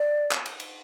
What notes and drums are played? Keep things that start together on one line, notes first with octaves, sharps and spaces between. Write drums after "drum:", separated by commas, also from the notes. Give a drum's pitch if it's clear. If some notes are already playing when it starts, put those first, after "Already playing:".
Already playing: D5
drum: clap
drum: cymbal
drum: cymbal